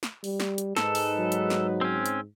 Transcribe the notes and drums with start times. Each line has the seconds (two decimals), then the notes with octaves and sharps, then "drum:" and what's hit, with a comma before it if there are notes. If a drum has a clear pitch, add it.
0.03 drum: snare
0.24 G3, drum: open hi-hat
0.40 drum: snare
0.58 drum: hi-hat
0.77 G#2 G#3 D#4 A4 B4, drum: snare
0.95 drum: open hi-hat
1.18 F#3
1.32 drum: hi-hat
1.50 drum: snare
1.81 C4 C#4
2.06 drum: hi-hat